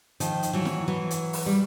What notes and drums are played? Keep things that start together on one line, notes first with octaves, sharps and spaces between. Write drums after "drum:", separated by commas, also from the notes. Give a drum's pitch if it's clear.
D#3 F3, drum: hi-hat
drum: hi-hat
E3 F#3
drum: snare E4
E3 F#3
drum: hi-hat
drum: open hi-hat
G3